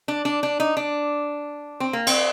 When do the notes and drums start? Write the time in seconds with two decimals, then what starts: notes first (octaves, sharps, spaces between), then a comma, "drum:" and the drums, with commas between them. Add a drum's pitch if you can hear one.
0.08 D4
0.25 D4
0.43 D4
0.60 D#4
0.77 D4
1.80 C4
1.93 A#3
2.07 C4, drum: cymbal